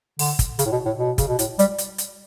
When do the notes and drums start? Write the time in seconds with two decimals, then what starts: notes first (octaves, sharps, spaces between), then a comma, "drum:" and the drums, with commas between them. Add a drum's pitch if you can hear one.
0.19 D3, drum: open hi-hat
0.39 drum: kick, hi-hat
0.59 C#3, drum: hi-hat
0.66 A2
0.72 B2
0.85 A2
0.99 B2
1.18 C#3, drum: kick, hi-hat
1.28 B2
1.39 A2, drum: hi-hat
1.59 G3, drum: hi-hat
1.78 drum: hi-hat
1.98 drum: hi-hat